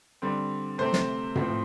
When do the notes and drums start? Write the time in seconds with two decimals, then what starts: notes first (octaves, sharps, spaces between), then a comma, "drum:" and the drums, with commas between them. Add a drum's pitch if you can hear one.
0.22 D3 G3 C4
0.78 C3 A3 C4 C5
0.93 drum: snare
1.36 A2 F3 C4, drum: tom